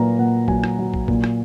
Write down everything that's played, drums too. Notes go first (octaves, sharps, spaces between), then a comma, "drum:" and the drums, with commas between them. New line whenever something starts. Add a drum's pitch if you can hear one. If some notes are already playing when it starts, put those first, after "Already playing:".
Already playing: A#2 F#3 B4 A#5
A#2 F#5
F#3 G#5, drum: kick
drum: rim click
F#3
drum: kick
A#2, drum: kick
drum: rim click